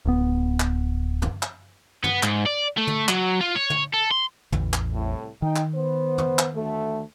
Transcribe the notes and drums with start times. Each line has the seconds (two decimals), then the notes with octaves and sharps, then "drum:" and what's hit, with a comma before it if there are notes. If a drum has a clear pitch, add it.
0.05 D1 B3
0.60 drum: clap
1.22 drum: tom
1.43 drum: clap
2.04 B3, drum: tom
2.23 G#2, drum: clap
2.46 D5
2.77 A3
2.87 drum: tom
3.08 F#3, drum: clap
3.41 F4
3.55 C#5
3.70 drum: tom
3.94 A4
4.11 C6
4.52 A1 E2, drum: tom
4.73 drum: clap
4.94 C2 A2
5.42 D#3 D#4 G5
5.56 drum: clap
5.75 B3 C5
6.18 drum: tom
6.39 drum: clap
6.55 D2 A3